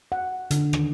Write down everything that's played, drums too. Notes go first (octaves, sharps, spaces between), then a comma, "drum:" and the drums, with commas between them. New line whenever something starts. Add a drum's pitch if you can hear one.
F#5
D3, drum: hi-hat
D#3, drum: rim click